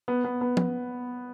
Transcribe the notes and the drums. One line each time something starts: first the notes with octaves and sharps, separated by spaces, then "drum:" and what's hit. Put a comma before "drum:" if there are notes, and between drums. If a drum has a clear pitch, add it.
B3
B3
B3
drum: tom F3